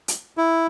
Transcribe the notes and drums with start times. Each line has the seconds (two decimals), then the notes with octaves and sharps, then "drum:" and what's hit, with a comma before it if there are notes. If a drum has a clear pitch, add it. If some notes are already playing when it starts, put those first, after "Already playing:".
0.08 drum: hi-hat
0.37 E4